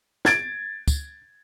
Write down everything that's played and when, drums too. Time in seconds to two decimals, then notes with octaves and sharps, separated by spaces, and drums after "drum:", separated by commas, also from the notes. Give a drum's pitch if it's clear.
0.25 G#6 A6 D7, drum: snare
0.88 drum: kick, tambourine